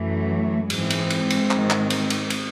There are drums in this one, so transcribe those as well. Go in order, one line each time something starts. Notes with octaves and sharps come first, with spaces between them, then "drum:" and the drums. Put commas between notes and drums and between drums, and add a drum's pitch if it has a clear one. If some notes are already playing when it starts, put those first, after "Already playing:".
Already playing: F#2 E3 F#3 A3
G#2 E3 G#3 C4, drum: cymbal
drum: cymbal
drum: cymbal
drum: cymbal
G#2 D#3, drum: clap
drum: clap
drum: cymbal
drum: cymbal
drum: cymbal